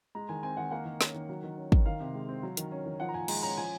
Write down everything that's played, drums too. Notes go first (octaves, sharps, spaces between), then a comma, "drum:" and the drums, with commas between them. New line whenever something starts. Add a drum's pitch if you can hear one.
G#3 A#5
D#3 G#5
C4 G#5
D#3 F#5
A#3 F#5
D#3
C#4, drum: snare
D#3
F#3
D#3
C#4
D#3, drum: kick
D#3 F5
C3
G#3
C4
F#3
D#3, drum: hi-hat
C#4
D#3
F3 F#5
A#5
A#2 G#5
G#3 A#5, drum: cymbal
C#4 A#5
F3 G#5